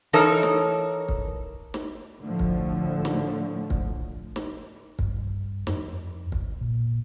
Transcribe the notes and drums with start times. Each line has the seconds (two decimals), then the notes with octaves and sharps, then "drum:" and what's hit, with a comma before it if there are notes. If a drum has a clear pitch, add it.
0.13 E3 D#4 A4 A#4 C#5
0.43 drum: snare
1.08 drum: kick
1.74 drum: snare
2.23 A2 D3 F3 A3
2.39 drum: kick
3.05 drum: snare
3.70 drum: kick
4.36 drum: snare
4.99 G2, drum: kick
5.67 F2, drum: snare
6.32 drum: kick
6.61 A#2